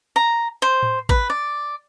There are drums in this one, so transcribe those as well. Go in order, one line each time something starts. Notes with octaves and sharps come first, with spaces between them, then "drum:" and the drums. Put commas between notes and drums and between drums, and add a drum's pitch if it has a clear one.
A#5
C5
drum: tom A2
B4, drum: kick A1
D5